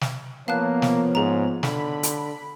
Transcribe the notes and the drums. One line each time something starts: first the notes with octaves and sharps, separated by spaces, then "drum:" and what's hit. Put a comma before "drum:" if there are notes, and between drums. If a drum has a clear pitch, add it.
drum: snare
F3 A#3 B3 C#5 F5 A5 F#6
drum: snare
G#2 G#4 A#5
D3 B5, drum: snare
drum: hi-hat